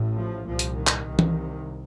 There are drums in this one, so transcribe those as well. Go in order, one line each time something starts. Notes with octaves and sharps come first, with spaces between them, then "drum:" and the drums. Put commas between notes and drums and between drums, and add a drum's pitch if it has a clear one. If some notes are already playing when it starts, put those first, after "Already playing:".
Already playing: A1 A2
F3
C2 A#2 F3
drum: hi-hat
D#3
drum: clap
C2 C3
drum: tom E3